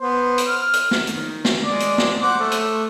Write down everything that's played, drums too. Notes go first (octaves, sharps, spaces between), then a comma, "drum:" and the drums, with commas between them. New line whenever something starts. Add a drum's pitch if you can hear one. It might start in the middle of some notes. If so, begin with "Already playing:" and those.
B3 C5
drum: hi-hat
F6
drum: hi-hat
drum: snare
D#3, drum: hi-hat
drum: snare
G#3 D5
drum: hi-hat
drum: snare
C5 F#5 D6
A3
drum: hi-hat